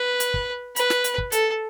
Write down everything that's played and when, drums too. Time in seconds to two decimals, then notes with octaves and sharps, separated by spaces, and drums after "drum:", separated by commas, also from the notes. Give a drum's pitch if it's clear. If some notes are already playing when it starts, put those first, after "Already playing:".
Already playing: B4
0.20 drum: hi-hat
0.34 drum: kick
0.76 B4, drum: hi-hat
0.90 drum: snare
1.04 drum: hi-hat
1.18 drum: kick
1.32 A4, drum: hi-hat